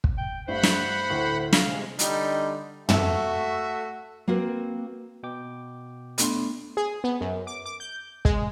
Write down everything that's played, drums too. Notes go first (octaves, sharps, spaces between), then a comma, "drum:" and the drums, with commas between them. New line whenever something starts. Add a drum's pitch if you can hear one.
drum: kick
G5
G2 A3 C5 F#5 B5
drum: snare
D2 A2
C3 G#3 F5 A#6, drum: snare
D3 G3 D#4, drum: hi-hat
A3 F#4 E5, drum: tom
A#3 C4 F#4 A#4 B4
B2 G5 D6
A3 B3 D4 C6, drum: hi-hat
G#4
B3
F#2
D6
D6
G6
G#3, drum: kick